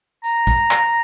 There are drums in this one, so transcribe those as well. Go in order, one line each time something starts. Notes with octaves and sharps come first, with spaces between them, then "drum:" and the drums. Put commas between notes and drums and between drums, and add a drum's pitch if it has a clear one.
A#5, drum: tambourine
drum: kick, tambourine
drum: clap